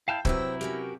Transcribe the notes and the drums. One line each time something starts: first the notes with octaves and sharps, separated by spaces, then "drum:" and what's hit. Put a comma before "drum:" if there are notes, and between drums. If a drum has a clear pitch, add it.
E4 F5 G5 A5 F6 G6
C3 F#3 E4 B4 C5 E5 G5 E6, drum: kick
C#4 F#4 G4 A#4